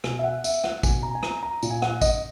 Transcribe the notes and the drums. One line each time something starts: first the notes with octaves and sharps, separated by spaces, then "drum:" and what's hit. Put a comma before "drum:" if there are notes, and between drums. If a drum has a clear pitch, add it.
B2 G#5, drum: rim click
E5
F#5
E5, drum: tambourine
F#5, drum: rim click
B2 G#5, drum: kick, tambourine
A#5
G#5
A#5, drum: rim click
A#5
A#2, drum: tambourine
G#5
F#5, drum: rim click
D#5, drum: kick, tambourine